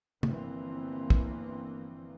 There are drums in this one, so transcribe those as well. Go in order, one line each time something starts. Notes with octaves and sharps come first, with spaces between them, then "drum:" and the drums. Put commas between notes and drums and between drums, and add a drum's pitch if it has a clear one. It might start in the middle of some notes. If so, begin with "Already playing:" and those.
G1 E3 F3 A#3 C4, drum: tom
drum: kick